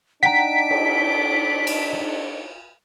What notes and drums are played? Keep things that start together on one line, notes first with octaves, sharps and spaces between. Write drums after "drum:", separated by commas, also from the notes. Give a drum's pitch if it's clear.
D4 D#4 F#5 G5 A#5 B6 D7
drum: cymbal
drum: cymbal